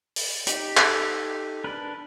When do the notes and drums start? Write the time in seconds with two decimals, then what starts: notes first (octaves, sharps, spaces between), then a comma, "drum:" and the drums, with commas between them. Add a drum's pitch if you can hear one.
0.16 drum: open hi-hat
0.47 D#4 G4, drum: hi-hat
0.77 A4, drum: clap
1.64 D4 A#4 B4